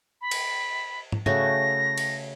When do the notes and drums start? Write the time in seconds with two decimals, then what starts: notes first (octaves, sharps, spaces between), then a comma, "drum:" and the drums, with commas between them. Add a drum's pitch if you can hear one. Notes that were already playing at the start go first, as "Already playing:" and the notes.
0.21 B5
0.31 drum: cymbal
1.12 drum: tom
1.26 C#3 A3 F#4 A#6, drum: tom
1.98 drum: cymbal